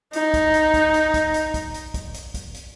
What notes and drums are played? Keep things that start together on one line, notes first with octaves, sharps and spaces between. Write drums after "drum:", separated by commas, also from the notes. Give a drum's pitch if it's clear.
D#4, drum: hi-hat
drum: kick, hi-hat
drum: hi-hat
drum: kick, hi-hat
drum: hi-hat
drum: kick, hi-hat
drum: hi-hat
drum: kick, hi-hat
drum: hi-hat
drum: kick, hi-hat
drum: hi-hat
drum: kick, hi-hat
drum: hi-hat